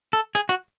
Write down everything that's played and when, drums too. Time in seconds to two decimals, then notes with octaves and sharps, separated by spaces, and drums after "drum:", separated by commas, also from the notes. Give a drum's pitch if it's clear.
0.13 A4
0.35 G#4, drum: hi-hat
0.49 F#4, drum: hi-hat